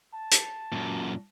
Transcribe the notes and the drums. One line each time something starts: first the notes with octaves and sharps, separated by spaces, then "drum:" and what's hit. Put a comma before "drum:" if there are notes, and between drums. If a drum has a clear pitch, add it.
A5
drum: hi-hat
F#2 A#2